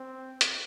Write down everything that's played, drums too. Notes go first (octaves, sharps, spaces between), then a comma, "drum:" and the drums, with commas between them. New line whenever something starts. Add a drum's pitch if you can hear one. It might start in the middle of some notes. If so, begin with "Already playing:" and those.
Already playing: C4
drum: hi-hat